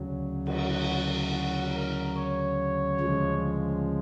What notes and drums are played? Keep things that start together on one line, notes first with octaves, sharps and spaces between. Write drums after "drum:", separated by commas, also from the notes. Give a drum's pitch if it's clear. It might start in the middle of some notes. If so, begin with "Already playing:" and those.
Already playing: D2 C#3 F#3
F#4, drum: cymbal
F#4
F#4
A#4
C#5
D2 C#3 F3 G#3